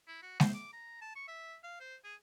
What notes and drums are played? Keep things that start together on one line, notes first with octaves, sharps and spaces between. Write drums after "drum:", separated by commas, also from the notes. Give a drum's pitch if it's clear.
E4
F#4
C5, drum: snare G#3
D6
A#5
A5
C#6
E5
F5
C5
G#4